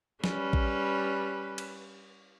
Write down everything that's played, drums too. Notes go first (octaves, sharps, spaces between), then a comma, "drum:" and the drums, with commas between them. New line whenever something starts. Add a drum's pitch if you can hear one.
G3 C#4 B4, drum: snare
drum: kick A1
drum: cymbal